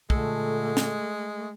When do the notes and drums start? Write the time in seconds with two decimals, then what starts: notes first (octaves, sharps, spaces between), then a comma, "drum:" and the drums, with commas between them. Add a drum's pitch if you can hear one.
0.10 A#2 D3 G#3 A3 A4, drum: kick
0.77 drum: snare